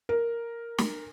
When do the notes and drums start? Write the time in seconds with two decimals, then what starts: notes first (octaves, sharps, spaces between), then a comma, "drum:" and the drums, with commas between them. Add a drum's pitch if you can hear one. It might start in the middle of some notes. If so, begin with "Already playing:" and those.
0.09 A#4
0.78 drum: snare